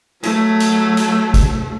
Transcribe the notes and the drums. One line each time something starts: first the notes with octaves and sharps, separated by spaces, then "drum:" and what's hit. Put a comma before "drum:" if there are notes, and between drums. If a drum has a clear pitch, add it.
F#3 A3, drum: hi-hat
drum: hi-hat
drum: hi-hat
drum: kick, hi-hat